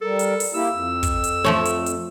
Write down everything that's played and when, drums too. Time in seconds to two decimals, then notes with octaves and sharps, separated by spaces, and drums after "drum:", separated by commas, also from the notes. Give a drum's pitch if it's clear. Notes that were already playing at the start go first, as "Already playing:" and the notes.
0.01 G3 A4 A#4
0.19 drum: hi-hat
0.40 drum: open hi-hat
0.54 A#3 E4 G4 E6
0.73 F2
1.03 drum: kick, hi-hat
1.24 drum: hi-hat
1.44 F3 A3 C#5
1.65 drum: hi-hat
1.86 drum: hi-hat